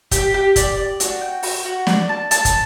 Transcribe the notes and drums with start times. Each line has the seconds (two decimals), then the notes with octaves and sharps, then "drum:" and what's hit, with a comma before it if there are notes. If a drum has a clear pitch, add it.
0.11 G4, drum: kick, hi-hat
0.34 G4
0.56 D5, drum: kick, hi-hat
0.77 D5
1.00 F#4, drum: hi-hat
1.21 G5
1.43 F#4, drum: open hi-hat
1.65 F#4
1.87 D5, drum: snare
2.09 A5
2.31 A5, drum: hi-hat
2.45 drum: kick, hi-hat